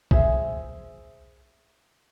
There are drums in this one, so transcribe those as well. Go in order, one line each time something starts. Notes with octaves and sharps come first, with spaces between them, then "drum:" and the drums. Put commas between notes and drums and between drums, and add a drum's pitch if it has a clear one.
G#4 C5 E5, drum: kick B1